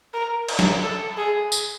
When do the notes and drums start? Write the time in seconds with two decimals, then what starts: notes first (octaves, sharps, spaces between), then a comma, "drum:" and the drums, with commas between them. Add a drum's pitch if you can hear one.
0.14 A#4
0.49 A#4, drum: cymbal
0.59 drum: snare
0.83 A4
1.18 G#4
1.52 drum: tambourine